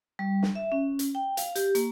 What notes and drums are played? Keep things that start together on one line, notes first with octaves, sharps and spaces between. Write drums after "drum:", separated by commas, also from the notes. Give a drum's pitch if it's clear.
G3
drum: snare
E5
C#4
drum: hi-hat
G5
F5, drum: hi-hat
G4, drum: hi-hat
A#3, drum: hi-hat